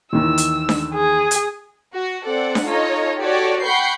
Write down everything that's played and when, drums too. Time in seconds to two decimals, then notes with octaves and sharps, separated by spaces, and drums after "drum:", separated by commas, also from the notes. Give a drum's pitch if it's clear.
0.13 D#2 D#3 E3 E6
0.38 drum: hi-hat
0.69 drum: snare D4
0.94 G#4
1.31 drum: hi-hat
1.93 F#4
2.24 C4 A4 D5 F#5
2.55 drum: snare D4
2.66 D#4 F4 A4 C#5 D#5
3.21 F#4 G4 A4 C#5 D5
3.63 F#5 G5 B5 C#6 G6 C7